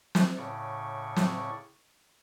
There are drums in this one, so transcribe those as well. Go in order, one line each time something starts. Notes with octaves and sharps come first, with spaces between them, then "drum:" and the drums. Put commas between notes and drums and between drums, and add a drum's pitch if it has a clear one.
drum: snare
A2 C#3 D5 C#6
drum: snare